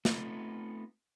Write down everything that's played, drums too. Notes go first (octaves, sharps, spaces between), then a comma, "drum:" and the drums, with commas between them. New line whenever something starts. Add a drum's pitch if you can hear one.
A3 B3 C4 D#4 F4 A4, drum: snare